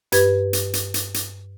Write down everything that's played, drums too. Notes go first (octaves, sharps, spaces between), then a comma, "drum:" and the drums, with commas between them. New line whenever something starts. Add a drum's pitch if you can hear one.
G2 G4 B4 G#6, drum: hi-hat
drum: hi-hat
drum: hi-hat
drum: hi-hat
drum: hi-hat